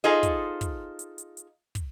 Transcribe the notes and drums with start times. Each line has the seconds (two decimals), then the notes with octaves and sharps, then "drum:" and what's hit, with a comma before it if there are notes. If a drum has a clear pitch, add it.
0.04 D#4 F4 G#4 A4 C5 D#5
0.23 drum: kick, hi-hat
0.61 drum: kick, hi-hat
0.99 drum: hi-hat
1.18 drum: hi-hat
1.37 drum: hi-hat
1.75 drum: kick, hi-hat